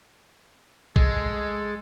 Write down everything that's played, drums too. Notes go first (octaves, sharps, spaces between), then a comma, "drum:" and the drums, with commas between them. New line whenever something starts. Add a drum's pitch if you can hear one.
G#3 A4, drum: kick